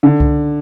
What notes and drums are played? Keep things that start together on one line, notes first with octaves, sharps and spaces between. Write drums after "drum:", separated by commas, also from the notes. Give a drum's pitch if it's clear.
D3
drum: kick C2